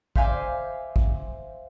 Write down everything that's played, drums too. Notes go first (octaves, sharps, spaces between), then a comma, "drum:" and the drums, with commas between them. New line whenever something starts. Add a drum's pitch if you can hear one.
C5 E5 F5 G#5 D6, drum: kick
drum: kick